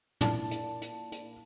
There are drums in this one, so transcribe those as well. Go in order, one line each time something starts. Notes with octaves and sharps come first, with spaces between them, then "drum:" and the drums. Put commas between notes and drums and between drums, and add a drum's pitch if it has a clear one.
A#2 D4 E4 A5, drum: tom
drum: hi-hat
drum: hi-hat
drum: hi-hat